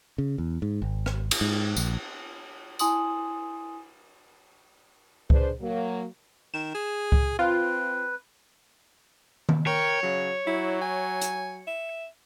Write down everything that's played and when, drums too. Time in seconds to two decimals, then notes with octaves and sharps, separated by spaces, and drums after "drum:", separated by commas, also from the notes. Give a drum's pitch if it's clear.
0.18 C#3
0.38 E2
0.62 G#2
0.82 G#1
1.06 drum: rim click
1.31 drum: cymbal
1.41 G#2
1.76 A#1, drum: tambourine
2.79 E4 G#5 C6 D#6 F#7, drum: tambourine
5.30 D4 G#4 B4 C5, drum: kick C#2
5.60 F#3 A#3
6.54 D#3 E7
6.75 G#4
7.12 drum: kick C#2
7.39 C4 F4 B4
9.49 drum: tom D#3
9.67 A#4 C#5 G5
10.03 C#3 F#3
10.47 F#3 E4
10.82 G#5
11.21 drum: hi-hat
11.67 E5